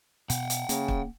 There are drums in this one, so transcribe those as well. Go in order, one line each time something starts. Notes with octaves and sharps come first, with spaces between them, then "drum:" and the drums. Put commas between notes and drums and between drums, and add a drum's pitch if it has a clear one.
B2 F#5 G5, drum: hi-hat
drum: hi-hat
C#3 A#3, drum: hi-hat
drum: kick